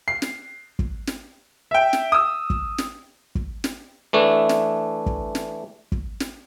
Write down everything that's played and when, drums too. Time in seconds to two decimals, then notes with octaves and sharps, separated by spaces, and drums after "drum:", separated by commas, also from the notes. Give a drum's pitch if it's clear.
0.08 C7
0.22 drum: snare
0.79 drum: kick
1.07 drum: snare
1.71 E5 G5
1.93 drum: snare
2.12 D#6 E6
2.50 drum: kick
2.78 drum: snare
3.35 drum: kick
3.64 drum: snare
4.13 E3 A3 D4
4.49 drum: snare
5.06 drum: kick
5.35 drum: snare
5.92 drum: kick
6.20 drum: snare